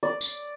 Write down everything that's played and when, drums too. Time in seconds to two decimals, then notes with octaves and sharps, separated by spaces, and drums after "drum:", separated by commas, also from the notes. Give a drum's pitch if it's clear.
0.03 D5
0.21 drum: tambourine